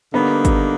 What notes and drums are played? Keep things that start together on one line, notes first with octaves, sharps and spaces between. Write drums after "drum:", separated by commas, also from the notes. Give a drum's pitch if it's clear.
D3 G3 A#3 B3 D#4
drum: kick G#1, hi-hat